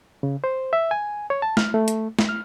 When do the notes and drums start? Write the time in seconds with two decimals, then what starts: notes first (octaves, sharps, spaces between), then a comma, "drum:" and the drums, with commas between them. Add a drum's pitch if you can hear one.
0.23 C#3
0.44 C5
0.73 E5
0.91 G#5
1.30 C#5
1.42 A5
1.57 F6, drum: snare
1.74 A3
1.88 drum: hi-hat
2.19 drum: snare
2.29 F6